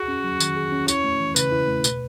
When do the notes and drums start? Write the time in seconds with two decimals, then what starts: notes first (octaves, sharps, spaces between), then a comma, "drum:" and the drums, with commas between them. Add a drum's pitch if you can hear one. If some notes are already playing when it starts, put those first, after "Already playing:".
Already playing: F#4 G#4
0.08 C#4
0.24 F#3
0.40 D#3, drum: tambourine
0.56 G#4
0.72 C#4
0.88 E4 C#5, drum: tambourine
1.04 A3
1.20 E3
1.36 C#3 B4, drum: tambourine
1.52 E4
1.68 A3
1.84 B2, drum: tambourine